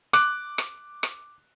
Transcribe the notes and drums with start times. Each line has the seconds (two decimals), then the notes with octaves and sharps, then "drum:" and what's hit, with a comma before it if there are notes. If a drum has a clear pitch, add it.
0.13 D6 F#6, drum: rim click
0.58 drum: rim click
1.03 drum: rim click